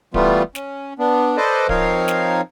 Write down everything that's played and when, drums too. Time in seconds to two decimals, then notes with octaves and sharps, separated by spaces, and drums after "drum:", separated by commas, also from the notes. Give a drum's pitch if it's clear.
0.14 E3 G3 A3 B3 F4, drum: kick D1
0.55 C#4, drum: snare
0.99 B3 D4
1.37 A4 B4 C5 D5 D#5
1.69 F3 C4 D#4 A#4 C#5 F5, drum: kick D1
2.08 drum: snare